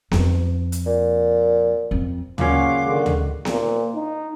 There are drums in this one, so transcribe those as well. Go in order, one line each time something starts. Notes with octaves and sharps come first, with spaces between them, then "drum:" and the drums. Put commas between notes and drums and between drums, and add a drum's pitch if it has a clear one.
F2 F3, drum: snare B3
drum: hi-hat
A#2
F2
F#2 A#2 C#3 C#4 F#4 F5 C6 D6, drum: tom D2
D3 D#3 G#3
drum: tom D2
A#2, drum: snare B3
D#4